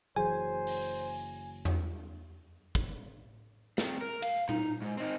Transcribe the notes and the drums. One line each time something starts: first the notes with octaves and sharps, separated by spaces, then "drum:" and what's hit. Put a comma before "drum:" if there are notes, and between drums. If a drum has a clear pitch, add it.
F#1 E3 F#3 G#4 C5 G#5
drum: open hi-hat
drum: tom E2
drum: kick
C4 G#4, drum: snare
A#4
F5, drum: cymbal
D#4, drum: tom
G#2
C4 D#4